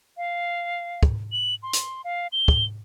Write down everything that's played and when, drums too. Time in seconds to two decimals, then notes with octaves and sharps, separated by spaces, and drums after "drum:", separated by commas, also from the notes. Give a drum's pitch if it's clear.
0.17 F5
1.03 drum: kick
1.32 F#7
1.63 C6
1.73 drum: hi-hat
2.04 F5
2.32 G7
2.48 drum: kick